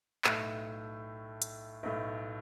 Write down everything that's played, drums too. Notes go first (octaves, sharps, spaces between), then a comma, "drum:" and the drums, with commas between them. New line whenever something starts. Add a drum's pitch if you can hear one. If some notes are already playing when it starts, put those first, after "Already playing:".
B1 A2 A3, drum: clap
drum: hi-hat
B1 A2 A3